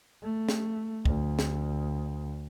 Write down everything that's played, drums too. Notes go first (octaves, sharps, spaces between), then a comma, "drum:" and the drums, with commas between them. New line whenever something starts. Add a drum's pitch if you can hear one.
A3
drum: snare
D2, drum: kick
drum: snare